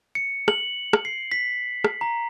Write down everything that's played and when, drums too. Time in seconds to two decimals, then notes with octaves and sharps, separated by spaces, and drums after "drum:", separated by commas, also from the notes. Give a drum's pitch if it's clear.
0.15 C#7
0.48 F#7, drum: rim click
0.93 drum: rim click
1.05 C7
1.32 B6
1.84 drum: rim click
2.01 A#5